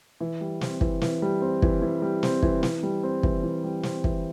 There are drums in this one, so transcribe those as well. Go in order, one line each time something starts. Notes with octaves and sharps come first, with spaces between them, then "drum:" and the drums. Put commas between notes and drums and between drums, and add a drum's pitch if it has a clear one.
E3
G3
C4, drum: snare
E3, drum: kick
E3, drum: snare
G3
C4
E3, drum: kick
E3
G3
C4, drum: snare
E3, drum: kick
E3, drum: snare
G3
C4
E3, drum: kick
E3
G3
C4, drum: snare
E3, drum: kick